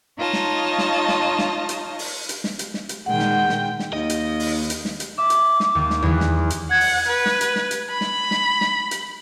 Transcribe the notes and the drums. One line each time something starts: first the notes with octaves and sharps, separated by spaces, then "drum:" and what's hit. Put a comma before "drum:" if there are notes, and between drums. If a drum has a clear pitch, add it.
D#4 F4 C#5 D#5 A5
drum: snare
drum: snare
drum: snare
drum: snare
drum: hi-hat
drum: open hi-hat
drum: hi-hat
drum: snare
drum: hi-hat
drum: snare
drum: hi-hat
A#2 D#3 G#3 F#5 G5
drum: snare
drum: snare
drum: snare
D#2 D#5
drum: hi-hat
drum: open hi-hat
drum: hi-hat
drum: snare
drum: hi-hat
E5 D6
drum: hi-hat
drum: snare
D#2
drum: snare
E2 E3
drum: snare
drum: hi-hat
F#5 G#6
drum: open hi-hat
B4
drum: snare
drum: hi-hat
drum: snare
drum: hi-hat
B5
drum: snare
drum: snare
drum: snare
drum: hi-hat